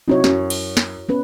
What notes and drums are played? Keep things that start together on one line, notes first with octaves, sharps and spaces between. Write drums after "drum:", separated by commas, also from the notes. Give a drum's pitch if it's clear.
C3 F#3 D#4 E4 F#4 C#5
F#2, drum: snare
drum: cymbal
drum: snare
B3 C#4 B4